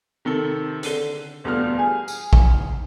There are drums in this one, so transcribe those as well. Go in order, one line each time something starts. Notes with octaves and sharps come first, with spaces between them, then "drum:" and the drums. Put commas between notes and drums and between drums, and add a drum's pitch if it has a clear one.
C3 D#3 A4 G7
D3 D#7 G7, drum: hi-hat
E1 D2 G3 B3 F4 F6
G#4 G#5
drum: tambourine
drum: kick A#1